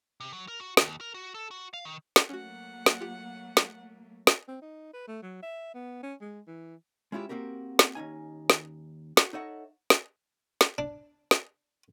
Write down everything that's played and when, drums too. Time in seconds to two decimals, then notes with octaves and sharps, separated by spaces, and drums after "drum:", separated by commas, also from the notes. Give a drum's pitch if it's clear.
0.20 C3
0.33 F#3
0.48 A#4
0.60 F#4
0.77 D#2, drum: snare
1.01 A#4
1.14 F#4
1.34 A4
1.51 F#4
1.73 F5
1.85 D#3
2.16 drum: snare
2.29 F#3 A3 A#3 C#4 F#4 F#5
2.86 drum: snare
3.00 F4 G4
3.57 drum: snare
4.27 drum: snare
4.48 C4
4.62 D#4
4.94 B4
5.08 A3
5.23 F#3
5.43 E5
5.75 B3
6.03 C#4
6.21 G#3
6.47 E3
7.12 G#3 C#4 E4 F4 G4
7.29 A#3 C4 F#4 G4 A#4
7.79 drum: snare
7.95 D#2 C#4 D#4 G#5
8.50 drum: snare
9.17 F#4, drum: snare
9.33 D#4 A4 C#5 D#5 E5 F#5
9.90 drum: snare
10.61 drum: snare
10.78 D4
11.31 drum: snare